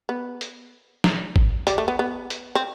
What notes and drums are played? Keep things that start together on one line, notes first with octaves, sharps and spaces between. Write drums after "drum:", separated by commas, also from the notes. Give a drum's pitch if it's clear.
B3
drum: hi-hat
drum: snare
drum: kick G#1
G3, drum: hi-hat
A3
B3
B3
drum: hi-hat
C4